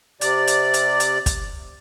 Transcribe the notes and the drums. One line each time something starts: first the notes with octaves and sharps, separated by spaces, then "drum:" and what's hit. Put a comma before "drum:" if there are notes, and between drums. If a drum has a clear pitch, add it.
C3 D5, drum: hi-hat
drum: hi-hat
drum: hi-hat
drum: hi-hat
drum: kick, hi-hat